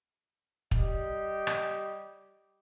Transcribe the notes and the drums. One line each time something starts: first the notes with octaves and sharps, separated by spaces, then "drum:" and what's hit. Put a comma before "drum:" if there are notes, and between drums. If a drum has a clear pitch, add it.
G3 G4 D#5, drum: kick
drum: rim click